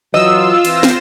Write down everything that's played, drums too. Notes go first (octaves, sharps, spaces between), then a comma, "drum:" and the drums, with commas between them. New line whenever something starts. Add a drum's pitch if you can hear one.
E3 F#3 F4 D#5 E6
E3 C4 F4 C5 A#6 E7, drum: cymbal
drum: snare